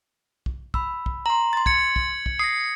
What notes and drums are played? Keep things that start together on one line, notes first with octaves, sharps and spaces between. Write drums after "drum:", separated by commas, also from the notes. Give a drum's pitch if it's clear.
drum: kick
B5 E6, drum: kick
drum: kick
A#5 C6 F#7
C6 A6
G#6 C#7, drum: kick
drum: kick
drum: kick
D#6 A#6 C7